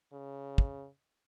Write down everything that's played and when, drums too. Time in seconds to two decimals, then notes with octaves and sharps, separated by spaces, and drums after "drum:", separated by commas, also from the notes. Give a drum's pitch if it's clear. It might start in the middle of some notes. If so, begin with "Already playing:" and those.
0.13 C#3
0.58 drum: kick